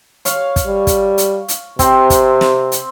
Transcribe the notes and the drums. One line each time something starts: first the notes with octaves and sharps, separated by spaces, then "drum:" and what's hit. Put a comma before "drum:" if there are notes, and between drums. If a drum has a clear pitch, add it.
C#5 F5, drum: hi-hat
drum: kick, hi-hat
G3
drum: kick, hi-hat
drum: hi-hat
drum: hi-hat
C3 C4, drum: kick, hi-hat
drum: kick, hi-hat
drum: snare
drum: hi-hat